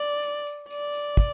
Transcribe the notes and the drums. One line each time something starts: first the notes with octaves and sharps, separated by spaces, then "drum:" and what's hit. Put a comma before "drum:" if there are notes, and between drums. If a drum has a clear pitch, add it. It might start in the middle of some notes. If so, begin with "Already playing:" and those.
Already playing: D5
drum: tambourine
drum: tambourine
D5, drum: tambourine
drum: tambourine
drum: kick, tambourine